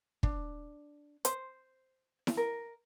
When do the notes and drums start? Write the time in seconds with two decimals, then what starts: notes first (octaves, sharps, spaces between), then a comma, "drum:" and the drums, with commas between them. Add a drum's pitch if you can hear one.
0.23 D4, drum: kick
1.25 C5, drum: hi-hat
2.27 drum: snare E4
2.37 A#4